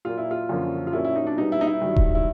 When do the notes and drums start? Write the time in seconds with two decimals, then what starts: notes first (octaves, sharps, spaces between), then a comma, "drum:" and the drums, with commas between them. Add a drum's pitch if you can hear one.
0.05 A#2 F#3 A#3 F4
0.18 E4
0.31 F4
0.49 F#2 D3 F3 A#3 C#4
0.87 F4
0.93 A#2 F#3 A#3 C#4 E4
1.04 E4
1.16 D#4
1.27 D4
1.38 B2 G3 B3 D#4
1.52 E4
1.61 D#4
1.67 E4
1.82 G2 D#3 F#3
1.96 drum: kick D#1
2.15 E4